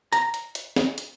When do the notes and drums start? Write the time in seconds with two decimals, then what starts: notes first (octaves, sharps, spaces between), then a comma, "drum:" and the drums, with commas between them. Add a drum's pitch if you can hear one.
0.13 A#5, drum: hi-hat
0.34 drum: hi-hat
0.55 drum: hi-hat
0.76 drum: snare
0.98 drum: hi-hat